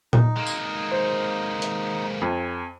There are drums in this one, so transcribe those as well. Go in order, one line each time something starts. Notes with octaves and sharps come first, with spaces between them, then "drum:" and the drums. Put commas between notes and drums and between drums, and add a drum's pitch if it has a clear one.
D#4, drum: tom A#2
G#3 A#3
drum: tambourine
C5
drum: hi-hat
F2 G#5